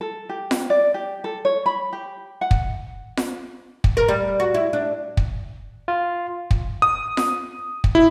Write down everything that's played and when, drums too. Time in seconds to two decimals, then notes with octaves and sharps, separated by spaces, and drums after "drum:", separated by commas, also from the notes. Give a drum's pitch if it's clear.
0.01 A4
0.29 G4
0.51 drum: snare F4
0.70 D5
0.94 G4
1.24 A4
1.45 C#5
1.66 B5
1.93 G4
2.41 F#5
2.51 drum: kick
3.17 drum: snare F4
3.84 drum: kick
3.97 A#4
4.08 G3
4.40 F#4
4.54 E4
4.73 D4
5.17 drum: kick
5.88 F4
6.51 drum: kick
6.82 D#6
7.17 drum: snare F4
7.84 drum: kick
7.95 E4